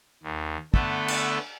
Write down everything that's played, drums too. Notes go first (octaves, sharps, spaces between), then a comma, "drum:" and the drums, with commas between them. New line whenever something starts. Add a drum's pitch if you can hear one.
D#2
D3 A3 B3 A4, drum: kick
drum: cymbal